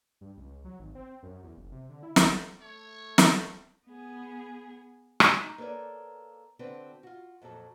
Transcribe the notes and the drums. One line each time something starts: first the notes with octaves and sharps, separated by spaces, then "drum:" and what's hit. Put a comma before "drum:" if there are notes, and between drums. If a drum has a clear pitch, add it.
G2
C#2
F#3
G#1
C4
F#2
E2
F#1
C3
D3
E4
G#1, drum: snare
A3 C#5
drum: snare
B3 G#4
drum: rim click
D#4
A#3 A4 B4 C#5 D5
D3 C4 D4 F#4 B4
F4 F#4
F2 A#2 F#3 A4